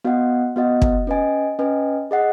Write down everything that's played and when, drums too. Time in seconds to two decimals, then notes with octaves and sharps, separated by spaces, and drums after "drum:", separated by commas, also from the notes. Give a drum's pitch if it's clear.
0.04 B3 F#4 D#5 F#5
0.56 B3 F#4 D#5 F#5
0.82 drum: kick
1.07 C#4 B4 D#5 G#5
1.59 C#4 B4 D#5 G#5
2.11 G#4 D#5 F#5